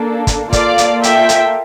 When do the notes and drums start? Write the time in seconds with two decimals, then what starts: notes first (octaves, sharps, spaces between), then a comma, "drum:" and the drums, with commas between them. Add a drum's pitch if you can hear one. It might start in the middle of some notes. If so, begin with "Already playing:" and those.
Already playing: A#3 D4 A4
0.27 drum: kick, hi-hat
0.53 A#3 F4 A4 D5 F5, drum: kick, hi-hat
0.78 drum: hi-hat
1.03 E5 G5, drum: hi-hat
1.29 drum: hi-hat